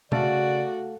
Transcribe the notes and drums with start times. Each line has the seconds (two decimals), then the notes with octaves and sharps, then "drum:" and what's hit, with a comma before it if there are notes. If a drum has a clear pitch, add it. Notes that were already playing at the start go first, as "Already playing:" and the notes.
0.12 C#3 A3 F#4 A4 D5 F5, drum: tom B2